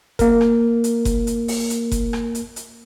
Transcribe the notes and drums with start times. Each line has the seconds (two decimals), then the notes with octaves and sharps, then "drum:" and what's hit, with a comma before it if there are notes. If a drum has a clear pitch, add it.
0.19 A#3 A#4, drum: kick F#1, hi-hat
0.41 drum: rim click
0.84 drum: hi-hat
1.05 drum: kick F#1, hi-hat
1.27 drum: hi-hat
1.48 drum: open hi-hat
1.70 drum: hi-hat
1.92 drum: kick F#1, hi-hat
2.13 drum: rim click
2.35 drum: hi-hat
2.56 drum: hi-hat